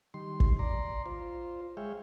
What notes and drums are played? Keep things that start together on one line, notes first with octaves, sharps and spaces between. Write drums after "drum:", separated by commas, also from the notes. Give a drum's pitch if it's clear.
D#3 G3 C6
drum: kick
D5 A#5 C6
F4 C5
G#3 G#4 C#5 E5 F5 G5